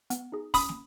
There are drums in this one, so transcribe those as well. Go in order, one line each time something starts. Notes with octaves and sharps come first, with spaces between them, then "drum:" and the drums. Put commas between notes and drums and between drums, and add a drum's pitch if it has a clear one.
B3, drum: hi-hat
D#4 G#4
C#4 B5 D#6, drum: kick, open hi-hat
drum: snare